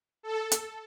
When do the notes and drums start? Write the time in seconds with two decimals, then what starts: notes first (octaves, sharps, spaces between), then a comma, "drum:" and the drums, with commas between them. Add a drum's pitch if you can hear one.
0.23 A4
0.52 drum: hi-hat